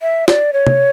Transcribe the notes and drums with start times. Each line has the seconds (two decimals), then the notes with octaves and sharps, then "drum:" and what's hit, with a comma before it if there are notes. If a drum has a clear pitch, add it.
0.02 E5
0.28 D5, drum: snare
0.53 C#5
0.67 drum: tom